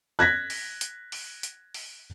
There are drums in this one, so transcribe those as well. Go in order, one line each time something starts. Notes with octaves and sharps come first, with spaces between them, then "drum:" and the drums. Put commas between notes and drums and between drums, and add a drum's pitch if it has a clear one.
F#6 G#6 A#6 B6
drum: open hi-hat
drum: hi-hat
drum: open hi-hat
drum: hi-hat
drum: open hi-hat